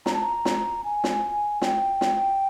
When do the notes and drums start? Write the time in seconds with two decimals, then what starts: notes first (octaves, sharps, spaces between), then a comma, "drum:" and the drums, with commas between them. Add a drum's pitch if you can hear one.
0.06 A#5, drum: snare
0.14 A5
0.22 A#5
0.45 drum: snare
0.84 G#5
1.04 drum: snare
1.62 G5, drum: snare
2.01 drum: snare